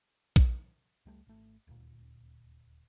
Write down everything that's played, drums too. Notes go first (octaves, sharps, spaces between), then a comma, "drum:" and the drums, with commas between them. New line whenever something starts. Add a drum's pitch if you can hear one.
drum: kick
C#2 G3 A3
G#1 A3
D#1 D2 A#2